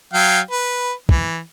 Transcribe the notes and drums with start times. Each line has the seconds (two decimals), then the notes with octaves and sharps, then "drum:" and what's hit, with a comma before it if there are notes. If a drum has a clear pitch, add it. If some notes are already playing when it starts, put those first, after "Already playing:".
0.13 F#3 F5 G5
0.51 B4
1.09 E3, drum: kick